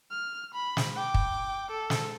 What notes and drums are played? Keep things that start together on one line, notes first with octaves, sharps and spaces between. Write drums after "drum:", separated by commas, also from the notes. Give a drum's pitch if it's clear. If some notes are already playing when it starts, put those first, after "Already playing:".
F6
B5
drum: snare
G5 D6
drum: kick
A4
drum: snare